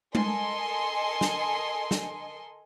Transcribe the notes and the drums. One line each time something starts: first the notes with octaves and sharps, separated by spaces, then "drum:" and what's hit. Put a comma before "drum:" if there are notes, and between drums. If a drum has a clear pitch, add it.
A4 A#4 D#5 G#5 C6, drum: tom G#3
drum: snare
drum: snare